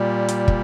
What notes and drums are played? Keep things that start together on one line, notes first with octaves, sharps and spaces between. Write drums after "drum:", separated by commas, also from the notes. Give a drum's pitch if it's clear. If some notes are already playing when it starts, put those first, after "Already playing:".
Already playing: A#2 G3
drum: hi-hat
drum: kick